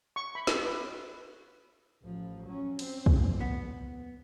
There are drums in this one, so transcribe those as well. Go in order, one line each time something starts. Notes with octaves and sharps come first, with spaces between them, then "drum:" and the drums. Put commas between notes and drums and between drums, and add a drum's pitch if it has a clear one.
C#6
B5
drum: snare
B4
A1 F3
F#3 C#4
C4, drum: cymbal
drum: kick
B3